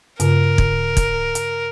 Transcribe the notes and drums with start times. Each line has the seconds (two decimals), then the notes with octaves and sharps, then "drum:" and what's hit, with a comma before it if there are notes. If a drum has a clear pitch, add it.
0.20 G2 C#3 A#4, drum: hi-hat
0.58 drum: kick
0.97 drum: kick, hi-hat
1.35 drum: hi-hat